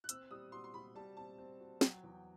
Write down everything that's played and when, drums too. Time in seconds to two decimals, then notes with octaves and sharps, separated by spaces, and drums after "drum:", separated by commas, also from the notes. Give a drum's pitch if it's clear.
0.04 F#6
0.09 C4 E6, drum: hi-hat
0.31 G3 D#6
0.52 F#4 C6
0.64 C6
0.74 G3 B5
0.95 G3 A5
1.17 C4 A5
1.38 C4
1.60 F#4
1.81 F#3 G5, drum: snare
2.03 E2